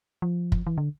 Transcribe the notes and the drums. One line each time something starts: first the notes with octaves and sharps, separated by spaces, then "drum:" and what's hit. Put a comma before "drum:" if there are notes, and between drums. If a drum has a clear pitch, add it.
F3
drum: kick F#1
E3
D3